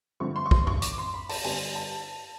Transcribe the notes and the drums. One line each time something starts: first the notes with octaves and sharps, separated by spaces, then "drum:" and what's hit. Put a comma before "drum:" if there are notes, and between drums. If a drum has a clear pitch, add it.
G2 D3 F3 A3 C4 C#6
C6
C#6
C6, drum: kick
C#6, drum: tom F#2
D6, drum: hi-hat
C6
B5
A5, drum: open hi-hat
G2 D3 G3 B3 G#5, drum: open hi-hat
A5